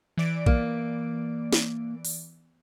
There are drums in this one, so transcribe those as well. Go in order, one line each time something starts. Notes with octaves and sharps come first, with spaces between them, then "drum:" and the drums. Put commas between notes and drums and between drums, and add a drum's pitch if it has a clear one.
E3 D5 D7
A#3, drum: kick A#1
drum: snare
drum: open hi-hat